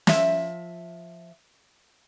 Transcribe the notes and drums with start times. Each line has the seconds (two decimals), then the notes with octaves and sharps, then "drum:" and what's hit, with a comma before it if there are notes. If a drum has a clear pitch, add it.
0.07 F3 E5, drum: snare